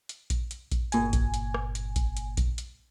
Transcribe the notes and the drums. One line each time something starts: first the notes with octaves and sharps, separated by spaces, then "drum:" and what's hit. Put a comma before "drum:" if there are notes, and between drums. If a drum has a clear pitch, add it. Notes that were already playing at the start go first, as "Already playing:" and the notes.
drum: hi-hat
drum: kick A#1, hi-hat
drum: hi-hat
drum: kick A#1, hi-hat
G1 A#2 G#5, drum: hi-hat
drum: kick A#1, hi-hat
drum: hi-hat
drum: rim click
drum: hi-hat
drum: kick A#1, hi-hat
drum: hi-hat
drum: kick A#1, hi-hat
drum: hi-hat